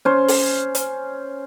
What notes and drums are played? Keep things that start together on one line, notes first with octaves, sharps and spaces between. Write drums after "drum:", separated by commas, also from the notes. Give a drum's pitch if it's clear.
C#4 C5
drum: open hi-hat
drum: hi-hat